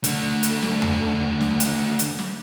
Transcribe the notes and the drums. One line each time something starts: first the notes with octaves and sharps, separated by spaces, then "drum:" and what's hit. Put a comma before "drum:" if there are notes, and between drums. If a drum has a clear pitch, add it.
D3 A3, drum: hi-hat
drum: hi-hat
drum: snare
drum: tom E2
drum: snare
drum: hi-hat
drum: hi-hat
drum: snare